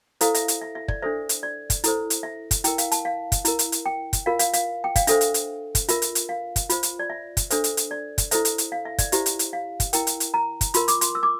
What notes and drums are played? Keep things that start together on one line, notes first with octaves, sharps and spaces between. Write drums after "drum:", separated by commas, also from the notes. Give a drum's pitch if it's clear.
E4 A4 C5 F5, drum: hi-hat
E5, drum: hi-hat
drum: hi-hat
E5
E5
D5, drum: kick
D4 A4 C5 E5
drum: hi-hat
D5
drum: kick, hi-hat
E4 A4 C5, drum: hi-hat
drum: hi-hat
E5
drum: kick, hi-hat
E4 A#4 G5, drum: hi-hat
F5, drum: hi-hat
A5, drum: hi-hat
F5
drum: kick, hi-hat
E4 A#4, drum: hi-hat
drum: hi-hat
drum: hi-hat
G5
drum: kick, hi-hat
F4 A#4 F5
F5, drum: hi-hat
F5, drum: hi-hat
G5
F5, drum: kick, hi-hat
D4 A4 C5 E5, drum: hi-hat
drum: hi-hat
drum: hi-hat
drum: kick, hi-hat
F4 A#4 E5, drum: hi-hat
drum: hi-hat
drum: hi-hat
F5
drum: kick, hi-hat
F4 C5, drum: hi-hat
drum: hi-hat
D5
E5
drum: kick, hi-hat
D4 A4 C5 E5, drum: hi-hat
drum: hi-hat
drum: hi-hat
D5
drum: kick, hi-hat
E4 A4 C5 E5, drum: hi-hat
drum: hi-hat
drum: hi-hat
F5
E5
D5, drum: kick, hi-hat
E4 G4 C5 E5, drum: hi-hat
drum: hi-hat
drum: hi-hat
F5
drum: kick, hi-hat
E4 A#4 G5, drum: hi-hat
drum: hi-hat
drum: hi-hat
A#5
drum: kick, hi-hat
F4 A#4 C6, drum: hi-hat
D6, drum: hi-hat
C6, drum: hi-hat
E6
D6